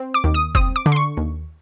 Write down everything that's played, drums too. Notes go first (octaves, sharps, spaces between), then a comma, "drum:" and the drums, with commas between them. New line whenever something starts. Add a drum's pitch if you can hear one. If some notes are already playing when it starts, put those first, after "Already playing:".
Already playing: C4
D6
D#2
D#6
C4 D#6, drum: kick
D6
D3
C6
C#6
D#2